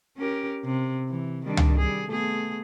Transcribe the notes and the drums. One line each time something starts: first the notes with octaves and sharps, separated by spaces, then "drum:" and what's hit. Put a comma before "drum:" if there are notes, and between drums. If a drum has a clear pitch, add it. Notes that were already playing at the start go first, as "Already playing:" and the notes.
C#4 G4 A#4
C3
E3
D#3 G3 D4
drum: tom
G3 G#4
A3 B3 G#4